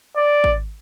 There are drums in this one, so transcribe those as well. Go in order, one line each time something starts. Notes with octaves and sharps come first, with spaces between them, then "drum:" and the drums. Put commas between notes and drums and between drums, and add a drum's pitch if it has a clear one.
D5
drum: kick G#1